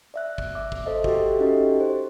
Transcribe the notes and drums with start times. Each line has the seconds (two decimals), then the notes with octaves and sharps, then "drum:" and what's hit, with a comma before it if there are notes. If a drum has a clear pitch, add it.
0.14 D5 E5 F#6
0.38 drum: kick
0.55 E5 D6
0.72 drum: kick
0.86 A4 C5 D#5
1.04 F#4 G4 A4 E5, drum: kick
1.39 C#4 D#4 F#4 G4 A4 D#5
1.81 C5